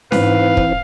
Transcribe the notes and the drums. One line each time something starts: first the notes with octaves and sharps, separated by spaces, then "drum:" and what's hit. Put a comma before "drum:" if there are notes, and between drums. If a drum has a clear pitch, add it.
G#2 E3 C4 B4 F5, drum: snare C#4
drum: kick